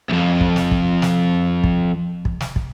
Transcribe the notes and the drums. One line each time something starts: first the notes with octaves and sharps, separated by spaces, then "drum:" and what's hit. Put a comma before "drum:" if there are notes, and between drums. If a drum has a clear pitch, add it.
C2 F2
drum: kick
drum: snare
drum: kick
drum: snare
drum: kick
drum: kick
drum: snare
drum: kick